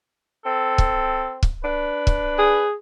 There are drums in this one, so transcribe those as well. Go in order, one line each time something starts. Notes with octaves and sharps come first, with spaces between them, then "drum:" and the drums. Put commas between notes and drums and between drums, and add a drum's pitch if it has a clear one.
C4 A4
drum: kick
drum: kick
D4 B4
drum: kick
G#4